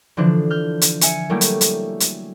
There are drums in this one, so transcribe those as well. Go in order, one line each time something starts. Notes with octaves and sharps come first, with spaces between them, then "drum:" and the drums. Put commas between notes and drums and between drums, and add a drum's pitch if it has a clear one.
D3 E3 F3 D4
F6 G6
drum: hi-hat
E5 G#5 C#7, drum: hi-hat
F#3 G3 A3 A#3 E4 G4
drum: hi-hat
drum: hi-hat
drum: hi-hat